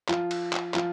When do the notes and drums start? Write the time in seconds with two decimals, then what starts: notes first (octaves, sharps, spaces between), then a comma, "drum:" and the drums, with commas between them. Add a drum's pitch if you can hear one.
0.09 F3 F4, drum: clap
0.31 drum: cymbal
0.53 drum: clap
0.74 F3 F4, drum: clap